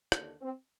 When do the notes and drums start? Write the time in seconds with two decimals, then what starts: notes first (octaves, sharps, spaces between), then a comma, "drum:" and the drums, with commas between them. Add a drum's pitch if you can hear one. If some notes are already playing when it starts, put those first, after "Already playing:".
0.12 D#2 D3, drum: rim click
0.42 C4